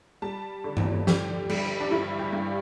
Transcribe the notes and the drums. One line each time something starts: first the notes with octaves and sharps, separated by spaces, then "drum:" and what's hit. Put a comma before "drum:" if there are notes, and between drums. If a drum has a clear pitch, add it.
G3 A5
D3
drum: tom G2
D3 G4, drum: snare
G3, drum: cymbal
D4
G2 E4
G4
G2